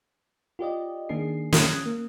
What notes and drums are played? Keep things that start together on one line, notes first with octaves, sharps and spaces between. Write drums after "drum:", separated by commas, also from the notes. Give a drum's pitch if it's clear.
F4 G4 D5 D#5
D#3 A#3 D4 G#4 C7
C#4 D#6 F#6 G#6, drum: snare
A#3